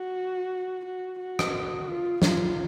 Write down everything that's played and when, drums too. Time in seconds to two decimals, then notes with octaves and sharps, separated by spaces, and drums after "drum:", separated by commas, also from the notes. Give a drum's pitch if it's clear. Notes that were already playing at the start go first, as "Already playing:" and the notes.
Already playing: F#4
0.85 F#4
1.19 F#4
1.39 drum: rim click
1.87 F4
2.22 F4, drum: snare